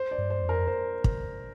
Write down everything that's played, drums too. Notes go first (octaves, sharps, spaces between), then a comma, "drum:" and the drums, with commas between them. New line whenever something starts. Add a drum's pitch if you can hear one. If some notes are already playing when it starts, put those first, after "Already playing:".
Already playing: C5
D5
G2
C5
F2
A#4
C5
drum: kick